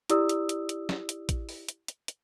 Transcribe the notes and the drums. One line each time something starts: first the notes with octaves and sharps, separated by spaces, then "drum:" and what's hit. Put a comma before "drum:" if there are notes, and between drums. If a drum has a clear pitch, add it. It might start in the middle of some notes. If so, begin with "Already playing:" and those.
E4 G4 D5 D#6 E6, drum: hi-hat
drum: hi-hat
drum: hi-hat
drum: hi-hat
drum: snare
drum: hi-hat
drum: kick, hi-hat
drum: open hi-hat
drum: hi-hat
drum: hi-hat
drum: hi-hat